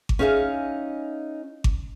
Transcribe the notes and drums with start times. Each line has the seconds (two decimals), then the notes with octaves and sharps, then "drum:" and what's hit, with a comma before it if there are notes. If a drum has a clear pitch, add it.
0.09 drum: kick G#1
0.19 C#4 D#4 G#4 E5 F5
1.64 drum: kick G#1